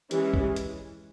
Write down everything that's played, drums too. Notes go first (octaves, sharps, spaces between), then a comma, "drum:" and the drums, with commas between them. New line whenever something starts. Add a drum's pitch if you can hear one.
E3 G#3 C#4 G4, drum: hi-hat
drum: kick C2
drum: hi-hat